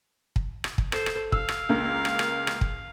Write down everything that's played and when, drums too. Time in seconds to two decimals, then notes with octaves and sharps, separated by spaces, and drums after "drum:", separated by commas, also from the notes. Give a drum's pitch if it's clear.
0.36 drum: kick
0.64 drum: rim click
0.78 drum: kick
0.92 A4 C5, drum: rim click
1.06 drum: rim click
1.32 F5 E6, drum: kick
1.49 drum: rim click
1.69 C#2 A#3
2.05 drum: rim click
2.19 drum: rim click
2.47 drum: rim click
2.61 drum: kick